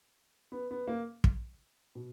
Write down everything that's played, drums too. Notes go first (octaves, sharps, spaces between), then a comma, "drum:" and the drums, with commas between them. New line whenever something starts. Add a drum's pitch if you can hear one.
B3
B3
A#3
drum: kick
B2